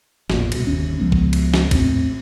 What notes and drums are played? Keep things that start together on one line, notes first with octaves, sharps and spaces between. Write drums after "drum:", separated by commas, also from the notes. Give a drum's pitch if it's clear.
A1 E2 A#2, drum: snare
C2 B2, drum: cymbal
G1 D#2 C#4
C#2 F3 G#3 B3
drum: kick
drum: cymbal
drum: snare
E2 A2 C4, drum: kick, cymbal